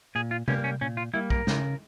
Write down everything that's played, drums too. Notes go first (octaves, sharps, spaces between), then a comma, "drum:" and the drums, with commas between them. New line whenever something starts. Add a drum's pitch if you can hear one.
A#2 G#4
F4
G3 A#3 C#4, drum: tom C3
C#4
A#2 C#4
F4
G3 A#3 E4
A#4, drum: kick
C#3, drum: snare